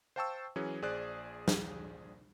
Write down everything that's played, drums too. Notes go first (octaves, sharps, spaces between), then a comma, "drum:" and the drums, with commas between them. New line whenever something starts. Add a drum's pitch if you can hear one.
C5 F5 G5 A5 C#6 E6
E3 F#3 C#4 G#4
A#1 G#4 C5 D5 F#6
drum: snare